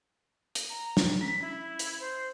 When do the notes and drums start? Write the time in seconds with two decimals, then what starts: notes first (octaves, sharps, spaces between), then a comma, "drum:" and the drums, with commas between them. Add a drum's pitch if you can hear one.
0.55 drum: hi-hat
0.70 A#5
0.97 drum: snare
1.21 C#4 B6
1.42 E4
1.79 drum: hi-hat
2.00 C5